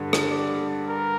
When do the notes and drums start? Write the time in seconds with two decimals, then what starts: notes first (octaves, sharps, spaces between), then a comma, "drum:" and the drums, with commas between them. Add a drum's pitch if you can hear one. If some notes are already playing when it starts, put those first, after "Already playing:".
Already playing: G2 D3
0.13 drum: rim click
0.30 D5
0.88 A#4